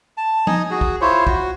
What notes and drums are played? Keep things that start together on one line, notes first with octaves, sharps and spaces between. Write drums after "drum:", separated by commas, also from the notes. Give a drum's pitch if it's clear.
A5
D#4 D#5 G#5, drum: tom
F#4 G#4
drum: kick
E4 F4 C5 C#5
F#4, drum: kick